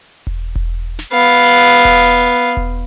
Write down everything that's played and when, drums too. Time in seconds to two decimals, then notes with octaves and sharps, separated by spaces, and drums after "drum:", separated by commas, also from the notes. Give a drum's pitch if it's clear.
0.27 drum: kick E1
0.55 drum: kick E1
0.99 drum: snare
1.13 B3 F5
1.85 drum: kick E1
2.57 drum: kick E1